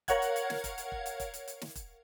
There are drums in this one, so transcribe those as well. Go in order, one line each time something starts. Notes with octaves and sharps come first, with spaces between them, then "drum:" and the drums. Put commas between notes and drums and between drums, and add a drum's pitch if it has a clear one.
A#4 C#5 F5 F#5 G#6, drum: kick E1, hi-hat
drum: hi-hat
drum: hi-hat
drum: snare
drum: kick E1, hi-hat
drum: hi-hat
drum: kick E1
drum: hi-hat
drum: kick E1, hi-hat
drum: hi-hat
drum: hi-hat
drum: snare
drum: kick E1, hi-hat